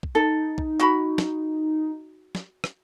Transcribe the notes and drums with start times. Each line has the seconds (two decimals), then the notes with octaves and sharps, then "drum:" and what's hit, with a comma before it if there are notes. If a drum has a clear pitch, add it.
0.03 drum: kick
0.15 D#4 A4
0.58 drum: kick
0.80 F#4 B5, drum: clap
1.18 drum: snare
2.35 drum: snare
2.64 drum: rim click